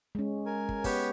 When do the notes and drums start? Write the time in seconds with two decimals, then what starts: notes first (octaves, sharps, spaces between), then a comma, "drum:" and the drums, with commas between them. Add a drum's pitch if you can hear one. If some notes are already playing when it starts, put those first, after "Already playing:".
0.15 G#3 C#4
0.46 A#4 G#5
0.69 drum: kick
0.84 B3 G4 C#5, drum: kick, open hi-hat